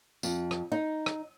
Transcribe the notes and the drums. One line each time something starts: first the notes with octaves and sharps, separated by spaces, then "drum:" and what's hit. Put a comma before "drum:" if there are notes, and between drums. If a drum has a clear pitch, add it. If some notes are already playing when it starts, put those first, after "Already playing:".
F2, drum: tambourine
drum: rim click
D#4
drum: rim click